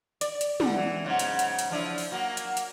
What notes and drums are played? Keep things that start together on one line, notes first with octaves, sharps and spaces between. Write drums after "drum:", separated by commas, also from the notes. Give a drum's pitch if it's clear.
D5, drum: hi-hat
drum: hi-hat
D3 G3, drum: tom
E3
G#2 C#3 F#3
drum: hi-hat
drum: hi-hat
drum: hi-hat
F3 D4 E4
drum: open hi-hat
F#3 A#3 F#4
drum: hi-hat
drum: hi-hat